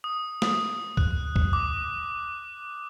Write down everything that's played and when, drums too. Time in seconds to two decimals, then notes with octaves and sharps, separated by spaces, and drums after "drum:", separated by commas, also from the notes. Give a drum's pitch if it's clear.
0.04 D#6
0.42 D#6, drum: snare
0.97 F#6, drum: kick
1.36 drum: kick
1.53 D6